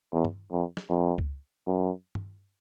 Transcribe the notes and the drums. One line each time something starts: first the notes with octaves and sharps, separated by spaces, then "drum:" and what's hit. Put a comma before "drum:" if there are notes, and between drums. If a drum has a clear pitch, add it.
E2
drum: tom
F2
drum: snare
F2
drum: kick C#2
F#2
drum: tom